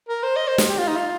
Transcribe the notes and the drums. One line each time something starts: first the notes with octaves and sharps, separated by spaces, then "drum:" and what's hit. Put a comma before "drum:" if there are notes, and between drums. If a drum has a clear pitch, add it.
A#4
C5
D#5
C5
drum: snare
G4
F4
D#4
F4